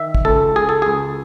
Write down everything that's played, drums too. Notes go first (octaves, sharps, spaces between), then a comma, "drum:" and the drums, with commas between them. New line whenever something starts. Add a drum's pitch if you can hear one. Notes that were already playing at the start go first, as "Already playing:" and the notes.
Already playing: D#3 E5
drum: kick
C#2 A4
C#2 G#4
A4
C#2 G#4